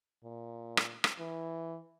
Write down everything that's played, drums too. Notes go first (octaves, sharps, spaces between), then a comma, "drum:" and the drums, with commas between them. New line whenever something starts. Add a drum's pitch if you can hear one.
A#2
drum: rim click
drum: rim click
E3